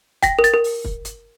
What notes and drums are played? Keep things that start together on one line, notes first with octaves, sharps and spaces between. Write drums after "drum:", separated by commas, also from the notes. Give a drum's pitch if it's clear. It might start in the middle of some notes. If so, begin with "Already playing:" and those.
G5 A#6, drum: kick, hi-hat
A#4
A6, drum: hi-hat
A#4
drum: open hi-hat
drum: kick
drum: hi-hat